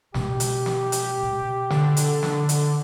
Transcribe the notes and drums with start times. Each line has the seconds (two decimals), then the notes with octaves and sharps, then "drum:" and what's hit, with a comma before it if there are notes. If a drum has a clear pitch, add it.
0.14 B2 G#3 G4, drum: snare
0.40 drum: hi-hat
0.66 drum: snare
0.92 drum: hi-hat
1.23 B2
1.70 D3, drum: snare
1.97 drum: hi-hat
2.23 drum: snare
2.49 drum: hi-hat